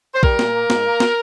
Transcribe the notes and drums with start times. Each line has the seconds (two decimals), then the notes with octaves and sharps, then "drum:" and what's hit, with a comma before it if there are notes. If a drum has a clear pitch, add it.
0.14 C5
0.23 G3 A#4, drum: kick A#1
0.39 A#2, drum: snare
0.54 A#3
0.70 G#2, drum: snare
0.85 A#3
1.00 drum: snare